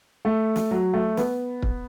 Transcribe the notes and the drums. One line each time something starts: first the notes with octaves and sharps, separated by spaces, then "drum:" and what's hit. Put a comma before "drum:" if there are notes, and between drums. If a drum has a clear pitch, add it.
A3
drum: snare
F#3
A3
B3, drum: snare
drum: kick